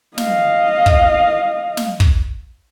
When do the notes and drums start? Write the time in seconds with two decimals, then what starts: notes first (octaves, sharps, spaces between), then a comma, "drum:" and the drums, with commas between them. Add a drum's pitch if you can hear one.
0.18 D#5 F5, drum: snare
0.86 drum: kick
1.77 drum: snare
2.00 drum: kick